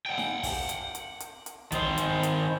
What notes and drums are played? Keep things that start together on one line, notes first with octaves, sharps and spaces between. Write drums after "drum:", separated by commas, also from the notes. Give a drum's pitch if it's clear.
F#5 G5
drum: snare D#4
drum: kick, open hi-hat
drum: hi-hat
drum: hi-hat
drum: hi-hat
drum: hi-hat
D#3 C5, drum: kick, hi-hat
drum: hi-hat
drum: hi-hat